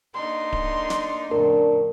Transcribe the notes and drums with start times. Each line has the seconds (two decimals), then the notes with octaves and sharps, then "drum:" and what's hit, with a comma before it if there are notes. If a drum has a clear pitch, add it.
0.15 A#3 D4 D#4 C6
0.53 drum: kick D1
0.90 drum: snare
1.31 F2 A2 C#3 D4 A#4